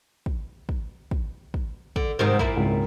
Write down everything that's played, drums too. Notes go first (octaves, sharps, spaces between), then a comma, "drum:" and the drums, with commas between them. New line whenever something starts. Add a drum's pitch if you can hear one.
drum: kick
drum: kick
drum: kick
drum: kick
D3, drum: kick
G#2 C3 D#3
A#2 A#3 E4, drum: kick
G#1 C#2